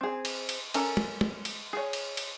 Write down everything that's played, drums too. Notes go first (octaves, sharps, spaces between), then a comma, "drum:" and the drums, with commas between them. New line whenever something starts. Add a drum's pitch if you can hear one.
C4 G#4
drum: cymbal
drum: cymbal
C#4 A4 A#4 A#5, drum: cymbal
drum: tom
drum: tom
drum: cymbal
G#4 C#5
drum: cymbal
drum: cymbal